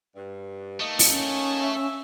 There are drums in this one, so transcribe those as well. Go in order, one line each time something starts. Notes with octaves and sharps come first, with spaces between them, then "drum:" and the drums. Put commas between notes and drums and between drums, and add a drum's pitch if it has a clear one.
G2
A3 A#3 D#4 D#5
drum: open hi-hat
C#4
E5